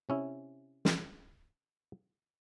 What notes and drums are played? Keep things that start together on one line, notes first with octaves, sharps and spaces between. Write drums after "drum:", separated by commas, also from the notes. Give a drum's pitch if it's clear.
C3 C#4 E4
drum: snare